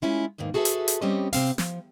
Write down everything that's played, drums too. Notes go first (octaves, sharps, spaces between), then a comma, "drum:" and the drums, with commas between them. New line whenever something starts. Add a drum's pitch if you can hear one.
G#3 C#4 E4 F4
E2 G#2 D#3 A#3
F#4 G#4 A4 B4 E5
drum: hi-hat
drum: hi-hat
G3 C4 C#4 G4 D#5
C3 C4 F5, drum: open hi-hat
F3, drum: snare